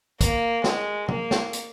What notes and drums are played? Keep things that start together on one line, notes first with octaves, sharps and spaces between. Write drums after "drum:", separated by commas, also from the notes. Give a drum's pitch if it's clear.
A#3, drum: kick, hi-hat
G#3, drum: snare
A#3, drum: tom
drum: snare
drum: hi-hat